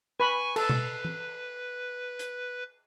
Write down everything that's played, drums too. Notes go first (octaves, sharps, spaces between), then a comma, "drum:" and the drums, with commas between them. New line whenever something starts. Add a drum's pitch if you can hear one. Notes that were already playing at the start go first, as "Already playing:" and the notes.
B4 G#5 B5 C#6
A4 B4, drum: cymbal
drum: tom B2
drum: tom E3
drum: hi-hat